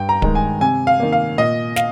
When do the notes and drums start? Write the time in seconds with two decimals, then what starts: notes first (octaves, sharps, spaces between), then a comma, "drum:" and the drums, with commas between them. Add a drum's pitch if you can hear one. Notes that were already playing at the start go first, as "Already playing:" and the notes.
Already playing: G2 G5
0.09 A#5
0.22 D#3 G#3, drum: kick D1
0.35 G#5
0.61 C3 G#5
0.87 F5
1.00 D#3 A#3
1.12 F5
1.38 A#2 D#5
1.76 F5, drum: snare